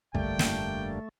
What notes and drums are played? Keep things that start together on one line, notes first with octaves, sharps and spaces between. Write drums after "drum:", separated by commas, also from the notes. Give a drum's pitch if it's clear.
F1 G2 D3 G3 A3 A#3 D4 G5, drum: kick
drum: snare